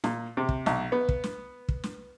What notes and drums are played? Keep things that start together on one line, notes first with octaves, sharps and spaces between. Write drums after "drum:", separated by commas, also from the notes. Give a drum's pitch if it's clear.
A#2, drum: snare
C3
drum: kick
B1, drum: snare
B3
drum: kick
drum: snare
drum: kick
drum: snare